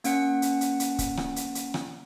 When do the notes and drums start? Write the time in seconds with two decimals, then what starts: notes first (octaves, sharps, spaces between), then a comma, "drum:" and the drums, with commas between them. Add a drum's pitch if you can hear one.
0.04 A#3 C#4 F#5 C#7, drum: hi-hat
0.42 drum: hi-hat
0.61 drum: hi-hat
0.80 drum: hi-hat
0.99 drum: kick C#1, hi-hat
1.17 drum: rim click
1.36 drum: hi-hat
1.55 drum: hi-hat
1.74 drum: rim click